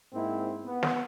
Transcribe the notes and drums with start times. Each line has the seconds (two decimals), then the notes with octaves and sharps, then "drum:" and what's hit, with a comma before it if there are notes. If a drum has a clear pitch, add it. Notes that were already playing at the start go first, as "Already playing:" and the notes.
0.14 G#2 A#3 C4 E4
0.65 B3
0.83 drum: snare